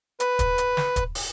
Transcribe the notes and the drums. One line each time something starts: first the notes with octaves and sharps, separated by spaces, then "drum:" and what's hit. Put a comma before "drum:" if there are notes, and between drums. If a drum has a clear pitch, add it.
B4, drum: hi-hat
drum: kick, hi-hat
drum: hi-hat
drum: snare
drum: kick, hi-hat
drum: open hi-hat